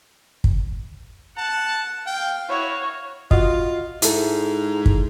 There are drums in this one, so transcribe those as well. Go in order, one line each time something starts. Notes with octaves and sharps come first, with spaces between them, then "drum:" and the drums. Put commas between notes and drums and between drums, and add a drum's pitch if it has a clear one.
drum: kick
F#5 A5
F5 G5
E4 F#4 C#5
F4 F#4 D#5, drum: kick
G#2 E4 A4, drum: hi-hat
drum: kick